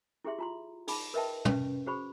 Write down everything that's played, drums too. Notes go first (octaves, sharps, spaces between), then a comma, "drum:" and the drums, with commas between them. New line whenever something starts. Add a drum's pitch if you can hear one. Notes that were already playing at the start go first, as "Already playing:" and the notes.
E4 G4 G#4 E5 C6
F4 A#5 C6
D#4 G#4 B5 D6, drum: open hi-hat
A#4 B4 D#5 E5 G5 A5
C#4 B4, drum: tom
F#4 G#4 C5 B5 C#6